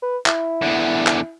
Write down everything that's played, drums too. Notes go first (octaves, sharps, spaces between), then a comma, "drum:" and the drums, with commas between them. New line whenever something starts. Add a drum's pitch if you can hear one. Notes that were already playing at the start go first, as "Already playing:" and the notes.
B4
E4, drum: clap
E2 D3
drum: clap